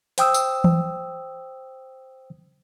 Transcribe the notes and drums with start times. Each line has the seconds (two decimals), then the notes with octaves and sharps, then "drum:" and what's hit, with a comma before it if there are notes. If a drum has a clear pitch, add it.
0.18 C5 G5 D#6 E6, drum: hi-hat
0.34 drum: tambourine
0.64 drum: tom E3